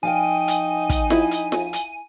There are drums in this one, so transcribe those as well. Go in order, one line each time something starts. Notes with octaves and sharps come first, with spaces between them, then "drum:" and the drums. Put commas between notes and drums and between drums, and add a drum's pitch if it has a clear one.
F3 D#4 F5 G5 G#5
drum: hi-hat
drum: kick, hi-hat
E4, drum: snare F4
drum: hi-hat
drum: snare F4
drum: hi-hat